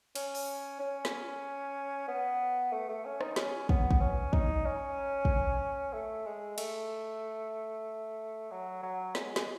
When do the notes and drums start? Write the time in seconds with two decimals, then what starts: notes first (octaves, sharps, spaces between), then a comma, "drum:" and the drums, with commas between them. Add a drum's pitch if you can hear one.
0.15 C#4, drum: cymbal
0.35 drum: open hi-hat
0.80 C#4
1.05 drum: snare
2.08 B3
2.72 A3
2.89 A3
3.05 C#4
3.21 D#4, drum: rim click
3.36 C#4, drum: snare
3.69 B3, drum: kick
3.91 drum: kick
4.01 C#4
4.33 D#4, drum: kick
4.65 C#4
5.25 drum: kick
5.93 A3
6.26 G#3
6.58 A3, drum: cymbal
8.51 F#3
8.83 F#3
9.15 G#3, drum: snare
9.36 G#3, drum: snare